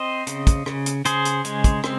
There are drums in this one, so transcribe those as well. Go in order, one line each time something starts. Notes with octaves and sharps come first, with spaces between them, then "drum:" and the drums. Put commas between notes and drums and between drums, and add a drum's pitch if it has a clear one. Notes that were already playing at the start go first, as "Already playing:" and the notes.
Already playing: C4 C5 D#5
C#3, drum: hi-hat
drum: kick, hi-hat
C#3, drum: rim click
drum: hi-hat
C#3 G#4 C5, drum: hi-hat
drum: hi-hat
G#3, drum: hi-hat
drum: kick, hi-hat
C4, drum: rim click